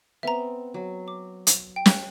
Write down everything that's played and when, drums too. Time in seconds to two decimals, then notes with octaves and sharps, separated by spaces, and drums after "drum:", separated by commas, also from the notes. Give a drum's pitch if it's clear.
0.23 B3 C4 E5 A#5
0.74 F#3
1.08 D6
1.47 drum: hi-hat
1.76 G5
1.86 drum: snare